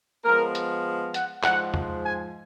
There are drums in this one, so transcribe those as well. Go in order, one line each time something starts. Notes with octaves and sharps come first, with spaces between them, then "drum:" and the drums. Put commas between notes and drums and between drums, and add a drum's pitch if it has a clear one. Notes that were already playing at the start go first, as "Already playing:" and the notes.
F3 G#3 B3 A#4
drum: hi-hat
F#5, drum: hi-hat
G#2 F3 G#3 F#5, drum: clap
drum: tom E2
G#5